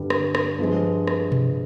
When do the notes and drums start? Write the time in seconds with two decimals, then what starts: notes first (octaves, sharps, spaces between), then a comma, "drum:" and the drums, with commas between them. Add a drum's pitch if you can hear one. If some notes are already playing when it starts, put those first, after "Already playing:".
Already playing: G2 D3 G3
0.10 drum: rim click
0.35 drum: rim click
0.59 G2 F3 G#3
1.08 drum: rim click
1.32 drum: tom B2